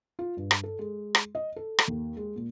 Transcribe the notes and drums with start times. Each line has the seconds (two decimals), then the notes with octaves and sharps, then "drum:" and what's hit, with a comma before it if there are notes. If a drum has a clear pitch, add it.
0.19 F4
0.37 G2
0.51 drum: rim click
0.63 A4
0.79 G#3
1.15 drum: rim click
1.35 D#5
1.56 A4
1.79 drum: rim click
1.88 D#2
2.17 G#3
2.36 A#2